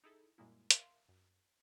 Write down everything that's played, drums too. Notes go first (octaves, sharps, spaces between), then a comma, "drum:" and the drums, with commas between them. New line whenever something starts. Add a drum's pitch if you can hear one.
D#4 E4 G#4 A4
F#2 A#2 G3 G#3 A#3 E4
A#4 E5 F5 C6, drum: hi-hat
F#2